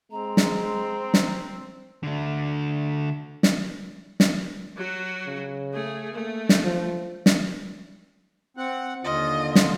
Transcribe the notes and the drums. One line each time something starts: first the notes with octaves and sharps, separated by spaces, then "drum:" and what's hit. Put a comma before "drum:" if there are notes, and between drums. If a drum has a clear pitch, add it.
G#3 C4 A#5
drum: snare
drum: snare
D3 A3
drum: snare
drum: snare
F#3 F#4
C#3
A3 G#4
A3 A#3
drum: snare
F3
drum: snare
C4 F#5
D#2 D3 F4 D#5
drum: snare